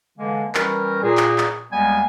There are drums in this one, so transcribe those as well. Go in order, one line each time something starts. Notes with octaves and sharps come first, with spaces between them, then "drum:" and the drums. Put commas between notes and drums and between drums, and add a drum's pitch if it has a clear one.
D3 E3 G#3 A#3
E3 G3 C#4 A#4, drum: clap
A#2 G#4
drum: clap
drum: clap
D#2 G3 G#3 B3 G#5